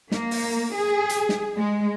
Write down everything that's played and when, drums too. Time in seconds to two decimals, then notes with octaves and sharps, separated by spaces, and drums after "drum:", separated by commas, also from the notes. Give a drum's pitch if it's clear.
0.12 A#3, drum: snare
0.31 drum: open hi-hat
0.75 G#4
1.09 drum: hi-hat
1.29 drum: snare
1.57 G#3